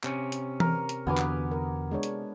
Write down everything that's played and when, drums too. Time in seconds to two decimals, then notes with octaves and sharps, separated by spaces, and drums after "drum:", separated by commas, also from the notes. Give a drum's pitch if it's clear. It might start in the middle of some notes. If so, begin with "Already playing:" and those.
0.04 C3 C#4, drum: clap
0.32 drum: hi-hat
0.60 A#4, drum: tom E3
0.89 drum: hi-hat
1.07 E2 D3 B3 F#4 B4 G#5 D6
1.18 drum: clap
1.51 A#4
1.91 G#3 D4 C#5
2.03 drum: hi-hat